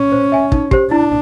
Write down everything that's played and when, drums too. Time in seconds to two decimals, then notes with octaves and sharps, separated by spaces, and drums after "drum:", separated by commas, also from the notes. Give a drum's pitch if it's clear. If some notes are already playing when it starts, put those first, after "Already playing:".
Already playing: C#4
0.12 C5
0.32 E5 G#5
0.52 D#4, drum: kick
0.71 G4 C5, drum: kick
0.90 D4 E4